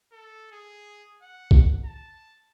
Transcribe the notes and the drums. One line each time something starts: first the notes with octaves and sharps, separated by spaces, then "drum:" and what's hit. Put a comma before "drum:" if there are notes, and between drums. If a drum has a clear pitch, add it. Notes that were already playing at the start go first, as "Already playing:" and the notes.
A4
G#4
F#5
drum: kick
A5